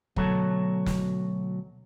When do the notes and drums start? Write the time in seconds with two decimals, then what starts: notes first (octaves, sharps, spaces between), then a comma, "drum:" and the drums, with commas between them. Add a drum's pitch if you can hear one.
0.16 D2 B2 F#3 F#4 A4 C#5, drum: kick
0.86 drum: snare